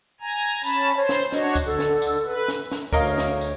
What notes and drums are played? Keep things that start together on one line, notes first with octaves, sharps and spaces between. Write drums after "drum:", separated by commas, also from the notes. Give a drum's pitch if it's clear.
G#5 A#5
C#4 A5 B5, drum: tambourine
C5 C#5
drum: snare
D4 F#4 C#5 D#5, drum: snare
drum: kick D2, tambourine
D3 A4
drum: snare
drum: tambourine
B4
drum: snare
drum: snare
D2 A#4 C#5 D#5 F5, drum: kick D2
drum: snare
drum: tambourine